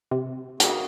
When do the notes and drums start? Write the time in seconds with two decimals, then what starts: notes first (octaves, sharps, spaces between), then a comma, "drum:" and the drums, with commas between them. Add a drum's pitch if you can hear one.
0.11 C3
0.60 A#3 F#4 G#4, drum: hi-hat